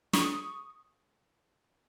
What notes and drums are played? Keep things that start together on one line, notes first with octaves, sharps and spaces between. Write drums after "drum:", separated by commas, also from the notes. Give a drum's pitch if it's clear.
C#6 D#6, drum: snare